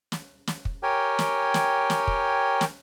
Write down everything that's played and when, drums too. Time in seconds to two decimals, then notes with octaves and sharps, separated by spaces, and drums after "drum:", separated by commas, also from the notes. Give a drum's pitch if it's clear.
0.12 drum: snare
0.47 drum: snare
0.65 drum: kick
0.83 G4 A#4 C#5 G5 G#5
1.19 drum: snare
1.54 drum: snare
1.90 drum: snare
2.07 drum: kick
2.61 drum: snare